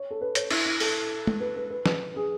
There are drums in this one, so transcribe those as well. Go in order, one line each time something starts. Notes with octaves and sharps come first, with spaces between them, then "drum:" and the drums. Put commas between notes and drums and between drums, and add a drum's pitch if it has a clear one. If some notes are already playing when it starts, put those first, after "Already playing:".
Already playing: C#5
A4
B4
C#5, drum: hi-hat
E4, drum: cymbal
E4
A4, drum: open hi-hat
drum: tom
B4
B4
B4
B4, drum: snare
G#4